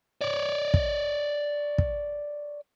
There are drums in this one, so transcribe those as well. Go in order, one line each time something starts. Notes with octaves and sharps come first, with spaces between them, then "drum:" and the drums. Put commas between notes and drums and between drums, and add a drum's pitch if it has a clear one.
C#5 D5
drum: kick
drum: kick